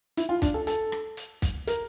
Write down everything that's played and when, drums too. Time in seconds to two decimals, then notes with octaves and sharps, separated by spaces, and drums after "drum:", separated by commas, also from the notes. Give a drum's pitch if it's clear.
0.17 E4, drum: hi-hat
0.29 F4
0.42 D4, drum: kick, hi-hat
0.54 A4
0.67 A4, drum: hi-hat
0.92 drum: rim click
1.17 drum: hi-hat
1.42 drum: kick, hi-hat
1.67 A#4, drum: hi-hat